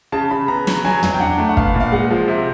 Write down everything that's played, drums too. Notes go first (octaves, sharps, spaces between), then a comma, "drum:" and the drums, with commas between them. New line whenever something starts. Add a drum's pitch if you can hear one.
C#3 A5
C#3 B5
B3 A#5
F#3, drum: snare
F#3 G#5
F#3, drum: tom
G5
D4 F#5
A3
F#5
B3 F5, drum: kick
A#2
F5
G#3 F#5
F3
C3